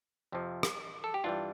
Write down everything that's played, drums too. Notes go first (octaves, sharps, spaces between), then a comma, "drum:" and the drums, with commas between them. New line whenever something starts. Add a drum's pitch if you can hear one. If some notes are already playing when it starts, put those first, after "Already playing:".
F2 C3 F3
drum: rim click
A4
G4
G2 E3 G3 D4 F4